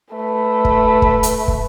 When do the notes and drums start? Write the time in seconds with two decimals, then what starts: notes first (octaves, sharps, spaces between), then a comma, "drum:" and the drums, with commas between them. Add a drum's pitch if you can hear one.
0.14 A3 B4
0.65 drum: kick
1.02 drum: kick
1.23 drum: hi-hat
1.48 drum: kick